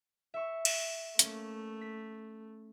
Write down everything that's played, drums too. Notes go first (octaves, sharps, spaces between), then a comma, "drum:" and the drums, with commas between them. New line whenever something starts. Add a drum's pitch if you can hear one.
E5 C#6
drum: cymbal
A3 A#3 C#4, drum: hi-hat
B6